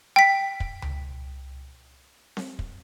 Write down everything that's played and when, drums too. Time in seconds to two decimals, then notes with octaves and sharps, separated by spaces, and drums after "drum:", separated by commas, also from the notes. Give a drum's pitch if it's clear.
0.16 G5 B6
0.60 drum: kick
0.82 drum: tom C#2
2.37 drum: snare C4
2.59 drum: kick